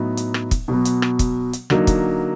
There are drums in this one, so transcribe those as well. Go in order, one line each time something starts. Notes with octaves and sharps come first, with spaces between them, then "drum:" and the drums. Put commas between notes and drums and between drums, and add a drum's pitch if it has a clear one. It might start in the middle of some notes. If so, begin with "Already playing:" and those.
Already playing: A2 F#3 B3 D#4
drum: hi-hat
drum: rim click
drum: kick, hi-hat
B2 F#3 B3
drum: hi-hat
drum: rim click
drum: kick, hi-hat
drum: hi-hat
D3 F#3 A#3 D#4, drum: rim click
drum: kick, hi-hat